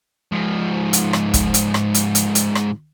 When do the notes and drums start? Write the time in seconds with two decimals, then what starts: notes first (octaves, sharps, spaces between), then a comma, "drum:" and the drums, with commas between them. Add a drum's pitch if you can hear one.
0.32 G#2 F3
0.93 drum: hi-hat
1.13 drum: rim click
1.34 drum: kick, hi-hat
1.54 drum: hi-hat
1.74 drum: rim click
1.94 drum: hi-hat
2.15 drum: hi-hat
2.35 drum: hi-hat
2.55 drum: rim click